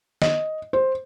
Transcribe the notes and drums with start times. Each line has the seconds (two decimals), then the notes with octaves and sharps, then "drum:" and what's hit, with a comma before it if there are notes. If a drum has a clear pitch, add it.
0.22 D#5, drum: snare
0.73 C5